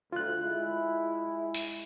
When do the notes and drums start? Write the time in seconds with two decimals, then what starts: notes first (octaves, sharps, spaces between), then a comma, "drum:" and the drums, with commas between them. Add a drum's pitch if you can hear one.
0.12 D2 F4 F#6
0.42 G#3 E4
1.55 drum: tambourine